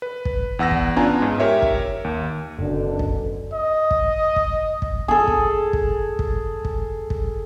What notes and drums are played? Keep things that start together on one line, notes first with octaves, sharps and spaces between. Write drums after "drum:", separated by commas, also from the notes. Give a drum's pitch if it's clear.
B4
drum: kick
E2 F#5 E6 A#6
drum: kick
B3 C#4 D4 F4 G#5 A#5
G#2
G4 A#4 C#5 E5
drum: kick
D#2
F#1 F#2 B2 D3
drum: kick
D#5
drum: kick
drum: kick
drum: kick
G#4 A4
drum: kick
drum: kick
drum: kick
drum: kick
drum: kick